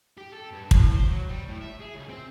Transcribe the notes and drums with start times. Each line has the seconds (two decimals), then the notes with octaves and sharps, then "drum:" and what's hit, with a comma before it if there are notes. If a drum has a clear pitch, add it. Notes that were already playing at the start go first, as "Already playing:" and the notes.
0.18 G4
0.33 A4
0.52 G2
0.71 A2, drum: kick
0.93 C5
1.08 F#3
1.30 G3
1.48 A2
1.61 E5
1.80 G#4
1.94 C#2
2.09 C4